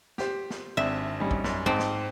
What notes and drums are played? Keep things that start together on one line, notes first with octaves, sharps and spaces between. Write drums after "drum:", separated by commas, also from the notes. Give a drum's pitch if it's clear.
G4 C5, drum: snare
drum: snare
G#1 C4 D4 E5
G3 C#4 D#4
drum: kick
F#2, drum: snare
G#2 C4 D#5 A5
drum: snare